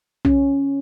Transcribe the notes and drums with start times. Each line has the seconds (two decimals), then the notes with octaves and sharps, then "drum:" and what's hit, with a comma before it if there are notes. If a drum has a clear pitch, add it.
0.25 C#4, drum: kick B1